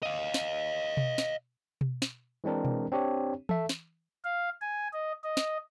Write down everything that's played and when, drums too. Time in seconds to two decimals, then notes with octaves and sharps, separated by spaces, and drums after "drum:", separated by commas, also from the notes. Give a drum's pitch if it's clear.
0.03 D#5 F5
0.34 drum: snare
0.97 drum: tom B2
1.18 drum: snare
1.81 drum: tom B2
2.02 drum: snare
2.44 E3 G#3 C4 D4 A#4
2.65 drum: tom B2
2.92 C4 D4 G4 C#5
3.49 A4 E5, drum: tom E3
3.69 drum: snare
4.24 F5
4.62 G#5
4.93 D#5
5.24 D#5
5.37 drum: snare